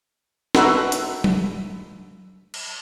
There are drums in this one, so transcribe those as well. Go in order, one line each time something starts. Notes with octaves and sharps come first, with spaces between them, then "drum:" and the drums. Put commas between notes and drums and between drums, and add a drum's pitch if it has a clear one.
D#4 F#4 A4 B4 E5, drum: snare
drum: hi-hat
drum: tom F#3
drum: cymbal